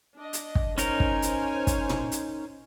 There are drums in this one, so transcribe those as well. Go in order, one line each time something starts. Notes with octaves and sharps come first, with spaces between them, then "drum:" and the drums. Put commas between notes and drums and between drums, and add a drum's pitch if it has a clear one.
D4 D#5
drum: hi-hat
drum: kick
C#4 D#4 A#4 C5 C#5 G#5, drum: hi-hat
drum: kick
drum: hi-hat
drum: kick, hi-hat
drum: tom
drum: hi-hat